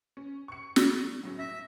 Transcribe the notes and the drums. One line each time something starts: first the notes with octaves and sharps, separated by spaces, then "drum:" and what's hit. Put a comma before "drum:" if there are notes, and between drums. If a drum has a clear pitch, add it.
C#4
C#6 C#7
drum: snare
A2 F#3 C#4
E5 A#6